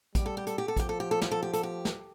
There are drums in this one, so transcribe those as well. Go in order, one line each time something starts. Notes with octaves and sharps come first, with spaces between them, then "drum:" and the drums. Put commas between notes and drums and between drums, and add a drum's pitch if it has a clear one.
G3 G4, drum: kick, hi-hat
A4
G4
A4, drum: hi-hat
G4
A4
F3 G4, drum: kick, hi-hat
A4
G4
A4
G4, drum: snare
A4
G4
A4, drum: hi-hat
G4
drum: snare